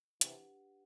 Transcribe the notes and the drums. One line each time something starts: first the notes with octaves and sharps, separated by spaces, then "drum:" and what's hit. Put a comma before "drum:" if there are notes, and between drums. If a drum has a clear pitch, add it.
C3 E3 D4 G4 B4 F#5, drum: hi-hat